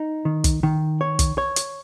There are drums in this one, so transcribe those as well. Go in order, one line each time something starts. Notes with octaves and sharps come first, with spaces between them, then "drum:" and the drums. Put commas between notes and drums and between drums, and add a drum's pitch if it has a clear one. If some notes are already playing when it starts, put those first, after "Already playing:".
Already playing: D#4
D#3
drum: kick, hi-hat
D#3
C#5
drum: kick, hi-hat
C#5
drum: hi-hat